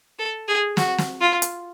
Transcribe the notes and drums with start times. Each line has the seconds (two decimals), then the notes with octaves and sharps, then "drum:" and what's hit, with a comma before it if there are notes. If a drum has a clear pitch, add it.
0.19 A4
0.48 G#4
0.77 F#4, drum: snare
0.98 drum: snare
1.21 F4
1.42 drum: hi-hat